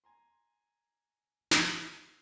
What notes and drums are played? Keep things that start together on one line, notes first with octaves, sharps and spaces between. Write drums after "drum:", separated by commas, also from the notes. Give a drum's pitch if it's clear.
G#5 A#5 C6
drum: snare